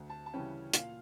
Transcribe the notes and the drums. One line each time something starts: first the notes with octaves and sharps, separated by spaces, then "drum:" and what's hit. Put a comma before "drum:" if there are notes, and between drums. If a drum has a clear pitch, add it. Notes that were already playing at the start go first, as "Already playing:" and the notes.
Already playing: D2
A5
A5
C#3 E3 G3 C#4 G5
A#2 F5, drum: hi-hat